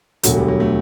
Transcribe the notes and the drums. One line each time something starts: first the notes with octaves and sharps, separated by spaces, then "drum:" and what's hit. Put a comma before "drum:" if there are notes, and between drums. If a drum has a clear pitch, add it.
E1 D2 D3 F#3, drum: hi-hat
G3
F#3
A3